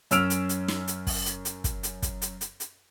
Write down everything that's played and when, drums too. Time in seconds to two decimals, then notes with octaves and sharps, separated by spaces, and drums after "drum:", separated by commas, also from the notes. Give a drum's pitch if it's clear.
0.11 F#2 C#4 E6 F6 D7 F7, drum: hi-hat
0.30 drum: hi-hat
0.49 drum: hi-hat
0.68 drum: snare
0.87 drum: hi-hat
1.07 drum: kick, open hi-hat
1.26 drum: hi-hat
1.45 drum: hi-hat
1.64 drum: kick, hi-hat
1.83 drum: hi-hat
2.02 drum: kick, hi-hat
2.22 drum: hi-hat
2.41 drum: hi-hat
2.60 drum: hi-hat